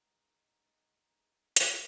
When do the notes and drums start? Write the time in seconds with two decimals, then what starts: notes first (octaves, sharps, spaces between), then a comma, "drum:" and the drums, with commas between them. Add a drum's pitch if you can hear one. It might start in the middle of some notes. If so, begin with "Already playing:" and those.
Already playing: G#3 B3 D#4
0.47 G#3 B3 D#4
1.01 G#3 B3 D#4
1.56 A2 E3 G#3, drum: hi-hat